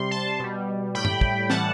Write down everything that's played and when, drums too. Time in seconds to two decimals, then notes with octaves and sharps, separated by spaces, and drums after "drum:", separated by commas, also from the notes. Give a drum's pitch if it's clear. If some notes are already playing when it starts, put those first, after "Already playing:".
Already playing: C3 G3 C6
0.11 A5 C6
0.39 B2 G3
0.95 A2 G3 G5 B5
1.05 drum: tom
1.21 drum: kick
1.50 A2 E3 G3 F#5 A5, drum: snare